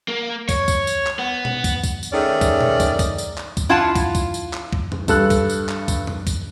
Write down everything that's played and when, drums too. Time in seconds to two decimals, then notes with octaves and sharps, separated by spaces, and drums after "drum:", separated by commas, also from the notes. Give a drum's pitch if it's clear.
0.08 A#3
0.49 C#5, drum: kick, tambourine
0.68 drum: kick, tambourine
0.87 drum: tambourine
1.06 drum: clap
1.19 B3
1.45 drum: tom B2
1.64 drum: kick, tambourine
1.84 drum: kick, tambourine
2.03 drum: tambourine
2.13 D#3 A3 C#4 G#4 D5
2.41 drum: kick, tambourine
2.61 drum: tom B2
2.80 drum: kick, tambourine
2.99 drum: kick, tambourine
3.18 drum: tambourine
3.38 drum: clap
3.57 drum: kick, tambourine
3.69 D4 E4 F4 F#5 A5
3.95 drum: kick, tambourine
4.15 drum: kick, tambourine
4.34 drum: tambourine
4.53 drum: clap
4.73 drum: kick
4.92 drum: tom
5.08 G2 A4 F#6, drum: kick, tambourine
5.30 drum: kick, tambourine
5.50 drum: tambourine
5.69 drum: clap
5.88 drum: kick, tambourine
6.07 drum: tom
6.27 drum: kick, tambourine